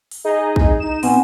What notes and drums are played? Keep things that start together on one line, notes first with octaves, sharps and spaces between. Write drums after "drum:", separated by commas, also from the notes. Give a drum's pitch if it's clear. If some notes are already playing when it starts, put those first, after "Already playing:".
drum: open hi-hat
D#4 G#4 D#5
drum: kick
D#4 E7
B2 C4 F#5 G#5, drum: open hi-hat